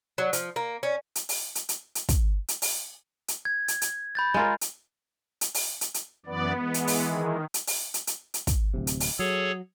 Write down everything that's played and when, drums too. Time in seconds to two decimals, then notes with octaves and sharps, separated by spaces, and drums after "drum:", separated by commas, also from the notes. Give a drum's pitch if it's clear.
0.18 F#3
0.33 F3, drum: hi-hat
0.56 A#3
0.83 C#4
1.15 drum: hi-hat
1.29 drum: open hi-hat
1.55 drum: hi-hat
1.69 drum: hi-hat
1.95 drum: hi-hat
2.09 drum: kick, hi-hat
2.48 drum: hi-hat
2.62 drum: open hi-hat
3.28 drum: hi-hat
3.45 G#6
3.68 drum: hi-hat
3.82 drum: hi-hat
4.15 B5 G6 A6
4.34 G#3 F4 A#4
4.61 drum: hi-hat
5.41 drum: hi-hat
5.54 drum: open hi-hat
5.81 drum: hi-hat
5.94 drum: hi-hat
6.26 F#2 E3 B3 D5
6.57 E3 G#3
6.74 drum: hi-hat
6.87 drum: open hi-hat
7.09 D#3
7.54 drum: hi-hat
7.67 drum: open hi-hat
7.94 drum: hi-hat
8.07 drum: hi-hat
8.34 drum: hi-hat
8.47 drum: kick, hi-hat
8.74 D1 C3
8.87 drum: hi-hat
9.00 drum: open hi-hat
9.19 F#3 G#4 A4 C#5